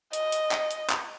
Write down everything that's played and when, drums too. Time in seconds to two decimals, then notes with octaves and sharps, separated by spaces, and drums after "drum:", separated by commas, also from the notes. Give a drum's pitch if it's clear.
0.13 D#5, drum: hi-hat
0.32 drum: hi-hat
0.52 drum: clap
0.71 drum: hi-hat
0.90 drum: clap